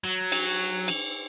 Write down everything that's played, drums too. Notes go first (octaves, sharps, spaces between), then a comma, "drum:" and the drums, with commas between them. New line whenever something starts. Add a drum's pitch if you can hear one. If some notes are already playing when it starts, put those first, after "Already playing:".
F#3
drum: cymbal
drum: cymbal